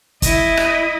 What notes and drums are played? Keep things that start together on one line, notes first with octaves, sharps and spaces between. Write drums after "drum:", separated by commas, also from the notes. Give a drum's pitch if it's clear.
E4 D#5, drum: kick, hi-hat
drum: rim click